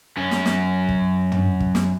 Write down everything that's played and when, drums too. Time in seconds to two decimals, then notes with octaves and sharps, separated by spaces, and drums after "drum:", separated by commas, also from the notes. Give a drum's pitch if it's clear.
0.17 F#2 C#4
0.31 drum: snare
0.46 drum: snare
0.89 drum: kick
1.32 drum: tom
1.60 drum: kick
1.75 drum: snare